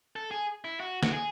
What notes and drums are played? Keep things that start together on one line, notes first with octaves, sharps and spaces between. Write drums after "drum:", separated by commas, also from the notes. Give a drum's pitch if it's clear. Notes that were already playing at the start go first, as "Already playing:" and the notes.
A4
G#4
E4
F#4
F#4, drum: snare
G#4